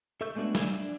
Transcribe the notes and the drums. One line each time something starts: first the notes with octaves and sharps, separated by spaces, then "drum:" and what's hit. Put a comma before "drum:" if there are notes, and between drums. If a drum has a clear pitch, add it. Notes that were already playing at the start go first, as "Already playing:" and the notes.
A4 E5 C#6 E6 G6
G#3 A3 B3 D4 F#4
E5 G#5, drum: snare
D4